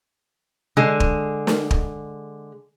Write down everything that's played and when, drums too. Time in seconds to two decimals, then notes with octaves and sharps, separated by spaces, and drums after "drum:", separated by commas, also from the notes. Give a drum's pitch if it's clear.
0.77 D3 G#3 G#4
1.00 drum: kick
1.47 drum: snare
1.71 drum: kick